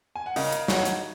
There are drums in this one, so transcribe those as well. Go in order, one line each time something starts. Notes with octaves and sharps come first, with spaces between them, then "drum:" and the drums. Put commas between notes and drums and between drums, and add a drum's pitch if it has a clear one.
G#5
F#5
C#3 A#4 D#5, drum: open hi-hat
drum: hi-hat
F#3 D#4 C#5 F#5, drum: snare
drum: hi-hat